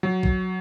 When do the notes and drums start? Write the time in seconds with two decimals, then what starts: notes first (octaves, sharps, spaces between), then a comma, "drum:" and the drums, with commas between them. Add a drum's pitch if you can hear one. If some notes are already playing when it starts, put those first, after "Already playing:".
0.03 F#3
0.23 drum: kick A#1